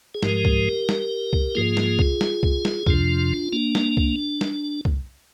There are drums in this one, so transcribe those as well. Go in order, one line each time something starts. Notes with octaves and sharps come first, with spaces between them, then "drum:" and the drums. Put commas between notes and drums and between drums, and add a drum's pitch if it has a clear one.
G#4
G#2 F3 G#3 G4 A#4, drum: snare
drum: kick C2
drum: snare
drum: kick C2
G#2 F3 A#3 F4 G#4
drum: snare
drum: kick C2
drum: snare
drum: kick C2
drum: snare
F2 C3 F3 D4 F4, drum: kick C2
A#3 D4
drum: snare
drum: kick C2
drum: snare
drum: kick C2